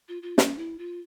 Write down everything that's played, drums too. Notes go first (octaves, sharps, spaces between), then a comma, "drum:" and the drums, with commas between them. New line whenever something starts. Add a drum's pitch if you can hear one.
F4
F4
C#4, drum: snare
E4
F4